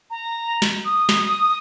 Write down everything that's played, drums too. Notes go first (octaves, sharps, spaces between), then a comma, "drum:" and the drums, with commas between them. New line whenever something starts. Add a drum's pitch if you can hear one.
A#5
drum: snare
D#6
drum: snare